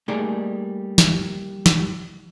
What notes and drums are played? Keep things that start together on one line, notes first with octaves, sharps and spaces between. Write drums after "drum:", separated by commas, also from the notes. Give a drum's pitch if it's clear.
G3 A3 A#3 D#4 G#4 D5
drum: snare
drum: snare